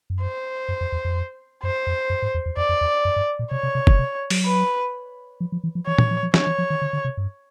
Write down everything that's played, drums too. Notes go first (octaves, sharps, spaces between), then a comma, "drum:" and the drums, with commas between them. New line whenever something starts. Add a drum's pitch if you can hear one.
F#2
C5
F#2
F2
E2
F2
F#2 C5
F2
F#2
G#2
E2
E2
F2 D5
F2
E2
F#2
G2
A#2
C3 C#5
C3
C3
C#3, drum: kick
C3
F#3, drum: open hi-hat
B4
F3
F3
E3
F3
E3 C#5
E3, drum: tom
F3
F3
F3 C#5, drum: snare
E3
F3
D#3
D3
D3
C3
G2